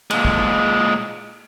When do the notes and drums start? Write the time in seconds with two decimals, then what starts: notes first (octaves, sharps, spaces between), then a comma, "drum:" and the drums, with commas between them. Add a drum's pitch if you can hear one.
0.11 A#2 G#3, drum: cymbal
0.25 drum: kick